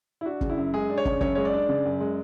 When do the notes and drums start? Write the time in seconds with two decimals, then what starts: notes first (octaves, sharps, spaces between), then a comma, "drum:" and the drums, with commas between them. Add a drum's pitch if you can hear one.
0.21 E4
0.25 D4 F#4
0.41 C#3, drum: kick
0.49 E4
0.57 F#2
0.73 G#3 G#4
0.90 D4
0.98 C#5
1.05 C#3, drum: kick
1.21 F#2 C#5, drum: kick
1.35 G#3 C#5
1.45 D5
1.54 D4
1.69 C#3
1.85 F#2
2.00 G#3